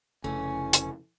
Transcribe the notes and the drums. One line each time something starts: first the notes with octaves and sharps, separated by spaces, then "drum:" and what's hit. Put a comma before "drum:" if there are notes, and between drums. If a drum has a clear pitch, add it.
F1 C#3 E3 A3 C#4 G#5
drum: hi-hat